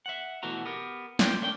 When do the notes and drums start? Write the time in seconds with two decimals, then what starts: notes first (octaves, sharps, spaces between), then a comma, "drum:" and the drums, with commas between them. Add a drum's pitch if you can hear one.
0.06 E5 F#5
0.43 B2 E3 A3 F#4 A#5
0.65 B3 G4 A#4
1.19 A2 F4 B4 D5 G5, drum: snare
1.42 A3 C#4 D4 A#4 G5